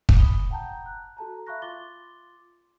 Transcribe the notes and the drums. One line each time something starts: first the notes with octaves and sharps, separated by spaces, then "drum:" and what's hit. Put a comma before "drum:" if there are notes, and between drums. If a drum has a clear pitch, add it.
drum: kick
B5 D#6 G7
F#5 G5 A5 A#5 G6
F#6
F#4 A4 A5 A#5
E5 F5 B5 C#6 F#6 A#6
F4 C6 D6 A6 G7